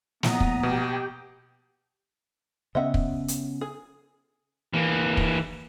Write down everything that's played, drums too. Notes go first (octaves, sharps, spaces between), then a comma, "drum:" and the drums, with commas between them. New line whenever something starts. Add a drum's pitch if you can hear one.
A#1 A2 B3 A#5 D#6, drum: snare
drum: kick
B2 G4 G5
C#3 B3 C#4 D#5 E5 F#5
drum: kick
drum: hi-hat
G#4
E3 A#3
drum: kick